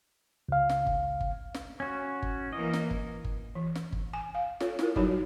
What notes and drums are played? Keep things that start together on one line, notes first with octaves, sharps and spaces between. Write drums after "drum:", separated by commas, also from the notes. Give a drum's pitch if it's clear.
C#2 F5
drum: snare
drum: kick G1
drum: kick G1
drum: snare
C#4 F#4
drum: kick G1
E3 A#3 D#5
drum: snare
drum: kick G1
drum: kick G1
E3
drum: snare
drum: kick G1
G#5
F5
F4 A4 C#5, drum: snare
E4 F4 A#4, drum: snare
F#3 G3 D#4 F#4 C#5, drum: kick G1